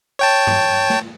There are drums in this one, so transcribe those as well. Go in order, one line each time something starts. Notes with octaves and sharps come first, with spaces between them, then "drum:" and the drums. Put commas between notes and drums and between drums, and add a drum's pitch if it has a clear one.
C#5 G5 A5
drum: tom G2
drum: snare A3